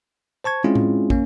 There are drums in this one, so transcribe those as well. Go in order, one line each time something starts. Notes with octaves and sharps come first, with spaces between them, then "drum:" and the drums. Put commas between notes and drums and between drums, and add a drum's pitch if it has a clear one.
C5 A5 C#6 G#6
G#3 C4 C#4 E4 F4 G#4
drum: tom A2
A#3 C#4, drum: kick